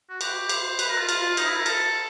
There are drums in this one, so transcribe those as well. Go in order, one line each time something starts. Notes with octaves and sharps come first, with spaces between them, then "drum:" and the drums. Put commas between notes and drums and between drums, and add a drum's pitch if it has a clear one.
F#4
G4, drum: cymbal
C5, drum: cymbal
B4, drum: cymbal
A#4
F4
F4, drum: cymbal
D#4, drum: cymbal
E4
A#4
A4, drum: cymbal